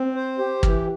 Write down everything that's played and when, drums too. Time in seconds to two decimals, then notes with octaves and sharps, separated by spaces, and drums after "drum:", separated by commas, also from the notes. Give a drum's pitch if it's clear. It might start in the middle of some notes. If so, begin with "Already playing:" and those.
Already playing: C4
0.15 C5
0.39 G4
0.63 E3, drum: kick